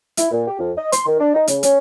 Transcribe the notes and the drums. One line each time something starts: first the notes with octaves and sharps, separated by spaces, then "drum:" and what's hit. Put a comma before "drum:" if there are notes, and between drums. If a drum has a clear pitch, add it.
E4, drum: hi-hat
A#2
G4
F2
D#5
C6, drum: hi-hat
D#3
D4
D#4
C#3, drum: hi-hat
C#4, drum: hi-hat